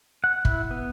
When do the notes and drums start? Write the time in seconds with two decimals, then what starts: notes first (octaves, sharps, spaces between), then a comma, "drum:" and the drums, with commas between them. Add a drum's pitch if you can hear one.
0.24 F#5
0.45 E4, drum: kick
0.71 B3